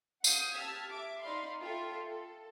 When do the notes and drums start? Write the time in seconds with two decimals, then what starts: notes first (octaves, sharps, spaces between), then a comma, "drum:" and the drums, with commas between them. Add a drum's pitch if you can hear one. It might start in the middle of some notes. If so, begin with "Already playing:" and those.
0.24 F5 F#5 D#6 G6, drum: tambourine
0.55 G4 A5 E6 F6 G#6 B6
0.90 E5 D6
1.22 D#4 D5 F5 B5 C6
1.61 F4 A4 E5 F5 G5
2.07 A4